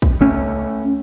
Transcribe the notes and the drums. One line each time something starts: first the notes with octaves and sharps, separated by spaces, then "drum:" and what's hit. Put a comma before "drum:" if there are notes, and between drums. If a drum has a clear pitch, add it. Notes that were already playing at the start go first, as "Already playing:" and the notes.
drum: kick
C#2 A3 C#4